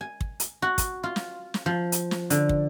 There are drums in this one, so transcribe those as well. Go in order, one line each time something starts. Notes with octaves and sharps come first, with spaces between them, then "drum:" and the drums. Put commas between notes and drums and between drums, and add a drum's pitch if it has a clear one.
G#5
drum: kick
drum: hi-hat
F#4
drum: kick, hi-hat
F4
drum: snare
drum: snare
F3
drum: hi-hat
drum: snare
D3, drum: hi-hat
drum: kick